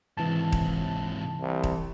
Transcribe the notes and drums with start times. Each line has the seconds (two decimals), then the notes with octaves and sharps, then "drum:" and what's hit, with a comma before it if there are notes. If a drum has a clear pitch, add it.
0.17 G#2 C3 E3 A5
0.52 drum: kick D#1
1.41 C2
1.64 drum: kick D#1